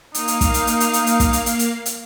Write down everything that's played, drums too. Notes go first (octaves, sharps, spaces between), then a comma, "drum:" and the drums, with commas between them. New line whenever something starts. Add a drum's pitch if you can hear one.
A#3 D#4 F5, drum: hi-hat
drum: hi-hat
drum: kick, hi-hat
drum: hi-hat
drum: hi-hat
drum: hi-hat
drum: hi-hat
drum: hi-hat
drum: kick, hi-hat
drum: hi-hat
drum: hi-hat
drum: hi-hat
drum: hi-hat